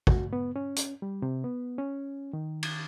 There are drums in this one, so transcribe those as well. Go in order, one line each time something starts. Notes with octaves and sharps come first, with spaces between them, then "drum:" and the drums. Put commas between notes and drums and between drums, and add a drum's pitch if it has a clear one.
F#4, drum: kick
B3
C#4
drum: hi-hat
G3
C3
B3
C#4
D#3
drum: cymbal